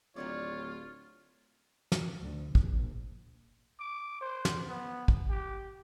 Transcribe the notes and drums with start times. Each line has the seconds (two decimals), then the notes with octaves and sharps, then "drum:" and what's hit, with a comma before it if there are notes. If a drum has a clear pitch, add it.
0.16 D1 D#3 F4 G4 C#5 D5
1.92 drum: snare
2.21 D2
2.55 A#1, drum: kick
3.80 D6
4.21 C5
4.45 drum: snare
4.69 B3
5.08 drum: kick
5.29 G4